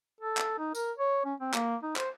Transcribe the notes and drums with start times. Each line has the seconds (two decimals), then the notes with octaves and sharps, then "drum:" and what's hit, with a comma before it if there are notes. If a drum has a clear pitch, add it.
0.20 A4
0.37 drum: clap
0.58 D#4
0.75 A#4, drum: tambourine
0.98 C#5
1.25 C#4
1.40 C4
1.54 A#3, drum: clap
1.83 D#4
1.96 C5, drum: clap